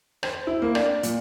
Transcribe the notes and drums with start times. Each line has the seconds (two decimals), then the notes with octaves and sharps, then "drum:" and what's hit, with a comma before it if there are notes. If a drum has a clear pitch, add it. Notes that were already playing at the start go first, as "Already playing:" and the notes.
0.23 C5, drum: rim click
0.47 E4
0.62 A#3
0.75 D4, drum: rim click
1.03 A#2, drum: hi-hat